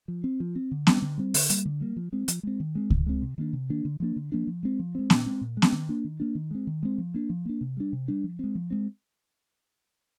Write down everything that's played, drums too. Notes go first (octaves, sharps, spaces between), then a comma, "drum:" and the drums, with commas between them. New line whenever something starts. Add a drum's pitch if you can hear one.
F3
C4
F3
C4
D3
G3 C4, drum: snare B3
D3
G3 C4
D3, drum: open hi-hat
G3 A#3, drum: hi-hat
D3
G3 A#3
F3
G#3 C4
F3, drum: hi-hat
G#3 C4
D#3
G#3 C4
D#3, drum: kick C#2
G#3 C4
C3
D#3 A#3 D4
C3
D#3 A#3 D4
D3
F3 A#3 D4
D3
F3 A#3 D4
F3
G#3 C4
F3
G#3 C4
A#2, drum: snare B3
G#3 C4
A#2
G#3
C4, drum: snare B3
D#3
A#3 D4
D#3
A#3 D4
D#3
G#3 C4
D#3
G#3 C4
F3
A#3 D4
F3
A#3 D4
C3
G3 D4
C3
G3 D4
F3
G#3 C4
F3
G#3 C4